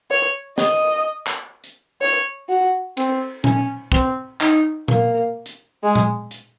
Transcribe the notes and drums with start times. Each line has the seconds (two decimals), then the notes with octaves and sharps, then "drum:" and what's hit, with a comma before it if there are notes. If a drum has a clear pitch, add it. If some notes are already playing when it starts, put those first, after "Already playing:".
0.10 C#5
0.58 D#5, drum: snare
1.26 drum: clap
1.64 drum: hi-hat
2.01 C#5
2.49 F#4
2.97 C4, drum: cymbal
3.44 C#4, drum: tom A#2
3.92 C4, drum: kick
4.41 D#4, drum: clap
4.88 A#3, drum: tom A#2
5.46 drum: hi-hat
5.83 G#3
5.95 drum: tom A#2
6.31 drum: hi-hat